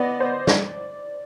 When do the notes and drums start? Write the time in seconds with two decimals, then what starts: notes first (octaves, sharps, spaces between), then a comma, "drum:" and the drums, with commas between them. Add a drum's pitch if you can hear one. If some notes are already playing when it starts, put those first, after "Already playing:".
Already playing: B3 D5 D#5
0.20 C5
0.47 D5, drum: snare